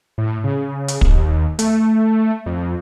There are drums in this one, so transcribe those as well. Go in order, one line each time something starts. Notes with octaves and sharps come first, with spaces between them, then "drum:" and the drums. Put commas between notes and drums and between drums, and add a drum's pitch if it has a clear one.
A2
C#3
drum: hi-hat
D#2, drum: kick
A3, drum: hi-hat
F2